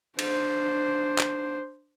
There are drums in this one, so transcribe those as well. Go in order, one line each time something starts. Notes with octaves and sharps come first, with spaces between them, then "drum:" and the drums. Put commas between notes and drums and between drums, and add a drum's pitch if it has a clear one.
D4 C5, drum: cymbal
drum: clap